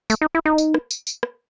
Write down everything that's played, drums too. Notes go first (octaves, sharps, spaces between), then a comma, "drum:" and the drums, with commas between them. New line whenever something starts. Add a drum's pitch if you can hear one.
A3, drum: tambourine
D#4
E4
D#4
drum: tambourine
drum: rim click
drum: tambourine
drum: tambourine
drum: rim click